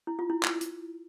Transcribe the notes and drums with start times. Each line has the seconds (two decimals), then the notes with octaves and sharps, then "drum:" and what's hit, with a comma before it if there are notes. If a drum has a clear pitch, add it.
0.07 E4
0.19 F4
0.30 E4
0.43 drum: clap
0.61 drum: hi-hat